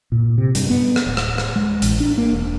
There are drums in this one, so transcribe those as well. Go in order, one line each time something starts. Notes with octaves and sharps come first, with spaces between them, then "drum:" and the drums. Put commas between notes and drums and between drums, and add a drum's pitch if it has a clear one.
A#2
C3
G2, drum: hi-hat
B3
drum: rim click
D1
drum: rim click
drum: rim click
G#3
A1, drum: hi-hat
D4
A#3
E1